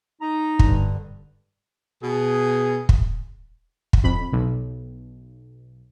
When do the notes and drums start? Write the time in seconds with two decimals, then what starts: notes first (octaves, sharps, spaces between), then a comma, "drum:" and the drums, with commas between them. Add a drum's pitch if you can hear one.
0.21 D#4 A#5
0.59 G2 D3, drum: kick
2.03 B2 G#4
2.89 drum: kick
3.93 drum: kick
4.04 F2 B5
4.33 B1